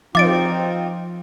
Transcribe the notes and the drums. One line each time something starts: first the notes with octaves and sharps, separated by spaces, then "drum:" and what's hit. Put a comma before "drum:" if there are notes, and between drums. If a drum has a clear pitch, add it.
F3 C4 D#4 F4 D6 A6 D7, drum: tom